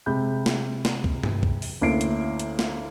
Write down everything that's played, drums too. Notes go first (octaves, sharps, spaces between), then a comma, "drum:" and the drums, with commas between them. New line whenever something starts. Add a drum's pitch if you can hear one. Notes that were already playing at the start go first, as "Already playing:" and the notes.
C3 G#3 B5 G6
drum: snare
drum: snare
drum: kick C#2
drum: tom G2
drum: kick C#2
drum: open hi-hat
D2 A#3 C#4 E4 C7 D7
drum: hi-hat
drum: hi-hat
drum: snare